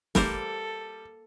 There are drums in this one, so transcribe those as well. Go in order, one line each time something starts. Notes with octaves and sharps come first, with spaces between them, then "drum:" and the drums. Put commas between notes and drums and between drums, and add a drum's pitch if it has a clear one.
E3 G3 A3 A#3 D#4 A4 A#4 C5, drum: snare